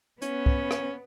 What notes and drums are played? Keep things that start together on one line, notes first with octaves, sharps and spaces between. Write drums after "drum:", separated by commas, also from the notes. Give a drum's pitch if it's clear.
B3 C#4, drum: hi-hat
drum: kick
drum: rim click